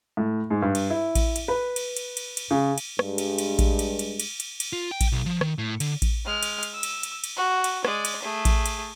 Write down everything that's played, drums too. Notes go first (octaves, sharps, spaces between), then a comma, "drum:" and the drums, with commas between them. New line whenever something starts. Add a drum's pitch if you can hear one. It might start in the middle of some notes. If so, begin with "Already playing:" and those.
A2
G#2
G2
drum: cymbal
E4
drum: kick A1, cymbal
drum: cymbal
B4
drum: cymbal
drum: cymbal
drum: cymbal
drum: cymbal
C#3
drum: cymbal
G2 G#3, drum: rim click
drum: cymbal
drum: cymbal
drum: kick A1, cymbal
drum: cymbal
drum: cymbal
drum: cymbal
drum: cymbal
drum: cymbal
F4
G5
drum: kick A1, cymbal
B1
F3
D#3, drum: rim click
A2
D3, drum: cymbal
drum: kick A1, cymbal
G#3 F6
drum: cymbal
drum: cymbal
E6
drum: cymbal
drum: cymbal
drum: cymbal
F#4
drum: cymbal
G#3 D5, drum: rim click
drum: cymbal
A3 G#4
drum: kick A1, cymbal
drum: cymbal